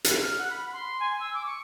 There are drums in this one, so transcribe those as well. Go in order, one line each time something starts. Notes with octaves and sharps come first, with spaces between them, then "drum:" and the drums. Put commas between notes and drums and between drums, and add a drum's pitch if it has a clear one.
drum: hi-hat
F6
F#5
B5
C6
G#5
E6
D6
C#6